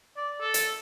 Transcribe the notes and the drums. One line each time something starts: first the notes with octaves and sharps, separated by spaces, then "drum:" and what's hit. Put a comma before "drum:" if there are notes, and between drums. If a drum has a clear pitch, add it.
D5
A4
drum: hi-hat